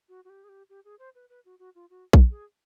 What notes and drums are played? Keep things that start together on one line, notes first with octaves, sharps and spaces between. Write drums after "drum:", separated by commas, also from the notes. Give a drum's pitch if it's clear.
F#4
F#4
G4
G#4
G4
G4
G#4
C5
B4
B4
F#4
F#4
F4
F#4
drum: kick A#1
G#4